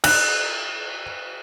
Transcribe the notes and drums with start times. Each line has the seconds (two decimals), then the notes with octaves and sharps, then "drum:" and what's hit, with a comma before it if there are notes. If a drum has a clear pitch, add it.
0.04 F#6, drum: cymbal